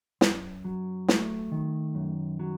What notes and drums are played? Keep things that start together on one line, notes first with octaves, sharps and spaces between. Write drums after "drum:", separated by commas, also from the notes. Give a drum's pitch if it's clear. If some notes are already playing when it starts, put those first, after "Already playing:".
F#2, drum: snare
F#3
A3, drum: snare
D#3
F#2
F#3